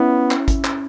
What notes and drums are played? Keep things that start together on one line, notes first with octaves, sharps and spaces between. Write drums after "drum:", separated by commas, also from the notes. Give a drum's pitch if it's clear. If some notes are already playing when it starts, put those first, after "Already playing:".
Already playing: B3 C#4 E4
drum: clap
drum: kick, hi-hat
drum: clap